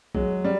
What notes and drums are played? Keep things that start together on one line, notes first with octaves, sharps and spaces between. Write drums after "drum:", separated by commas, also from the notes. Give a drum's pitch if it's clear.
F#3 G#3, drum: kick
G3